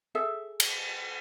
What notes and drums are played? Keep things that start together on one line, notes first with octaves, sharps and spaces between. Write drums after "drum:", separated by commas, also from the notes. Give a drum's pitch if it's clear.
G#4 A4 E5
drum: cymbal